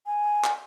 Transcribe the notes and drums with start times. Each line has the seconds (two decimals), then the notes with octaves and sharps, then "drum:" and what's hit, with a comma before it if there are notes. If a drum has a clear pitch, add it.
0.06 G#5
0.44 drum: clap